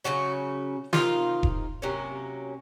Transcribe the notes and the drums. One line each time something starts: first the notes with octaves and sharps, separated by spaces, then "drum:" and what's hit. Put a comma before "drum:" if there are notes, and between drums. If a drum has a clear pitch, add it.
C#3 F#3 C#4 F#4
C3 D#3 A#3 D#4 F4, drum: snare
drum: kick E1
C3 F#3 A#3 C#4